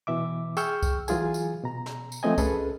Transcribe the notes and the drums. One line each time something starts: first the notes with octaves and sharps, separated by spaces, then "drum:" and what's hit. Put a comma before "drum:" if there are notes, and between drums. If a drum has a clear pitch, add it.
B2 E3 E5 D6
G#4 G5 C#6 E6 F6 G6, drum: tambourine
drum: kick C2, tambourine
E3 F#3 F4 G#4 G#5, drum: tambourine
drum: tambourine
B2 A#5
drum: snare
drum: tambourine
F3 A3 C4 D#5 G#5
C#4 G#4 A4 B4, drum: kick C2, tambourine